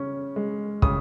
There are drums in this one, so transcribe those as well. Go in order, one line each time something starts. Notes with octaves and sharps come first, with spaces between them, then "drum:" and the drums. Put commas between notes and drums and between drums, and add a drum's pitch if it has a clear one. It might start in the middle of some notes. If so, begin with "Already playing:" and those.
Already playing: C#3 C#4
G#3
C#3 D#6, drum: kick